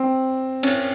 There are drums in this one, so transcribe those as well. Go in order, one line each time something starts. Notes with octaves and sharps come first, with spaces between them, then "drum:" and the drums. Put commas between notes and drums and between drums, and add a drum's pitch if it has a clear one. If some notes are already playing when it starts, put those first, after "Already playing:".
Already playing: C4
C#4, drum: cymbal